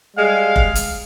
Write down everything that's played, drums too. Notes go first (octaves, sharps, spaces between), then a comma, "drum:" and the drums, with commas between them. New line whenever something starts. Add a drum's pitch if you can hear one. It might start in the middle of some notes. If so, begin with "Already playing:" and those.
G3 G#3 F5
drum: kick F1
drum: hi-hat